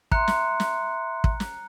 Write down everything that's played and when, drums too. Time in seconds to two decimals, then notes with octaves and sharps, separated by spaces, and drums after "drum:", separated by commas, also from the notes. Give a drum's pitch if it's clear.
0.12 E5 A#5 C6 F#6 C#7, drum: kick
0.28 drum: snare
0.60 drum: snare
1.24 drum: kick
1.40 drum: snare